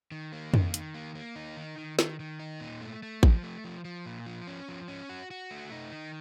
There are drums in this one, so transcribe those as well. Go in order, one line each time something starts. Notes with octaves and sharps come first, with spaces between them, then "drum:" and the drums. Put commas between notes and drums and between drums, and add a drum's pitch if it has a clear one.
D#3
A#3
D#3, drum: tom F2
D#3, drum: hi-hat
A#3
A#3
D#4
D#3
D#3
D#3, drum: snare
D#3
D#4
A#2
A3
A3
F3, drum: kick A1
A3
F3
F3
A#2
F3
C#4
F3
C#4
F#4
F#4
A3
D#4
D#3